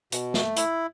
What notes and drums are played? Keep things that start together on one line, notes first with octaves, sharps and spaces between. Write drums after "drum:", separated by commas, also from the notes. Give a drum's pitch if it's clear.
B2, drum: hi-hat
A3, drum: snare
E4, drum: hi-hat